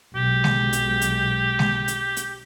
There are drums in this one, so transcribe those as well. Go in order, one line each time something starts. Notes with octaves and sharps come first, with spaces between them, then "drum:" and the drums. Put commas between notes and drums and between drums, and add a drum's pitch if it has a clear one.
B1 G#3 G4
drum: snare G#3
drum: hi-hat
drum: hi-hat
drum: snare G#3
drum: hi-hat
drum: hi-hat